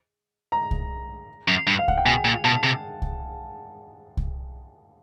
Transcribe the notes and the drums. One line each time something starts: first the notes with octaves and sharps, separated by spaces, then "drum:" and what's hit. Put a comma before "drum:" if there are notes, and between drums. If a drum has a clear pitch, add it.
A#5
drum: kick C2
F#2
G2
F5
F#5, drum: kick C2
G5
B2 G#5
A#2
B2 A5
C3
drum: kick C2
drum: kick C2